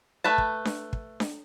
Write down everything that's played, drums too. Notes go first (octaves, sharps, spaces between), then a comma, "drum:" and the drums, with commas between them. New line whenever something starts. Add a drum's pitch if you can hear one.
A3 B4 A5
drum: kick
drum: snare D4
drum: kick
drum: snare D4